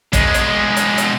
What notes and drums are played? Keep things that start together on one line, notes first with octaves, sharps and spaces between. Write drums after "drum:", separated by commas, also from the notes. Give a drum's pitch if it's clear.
B2 G#3, drum: kick, hi-hat
drum: hi-hat
drum: hi-hat
drum: hi-hat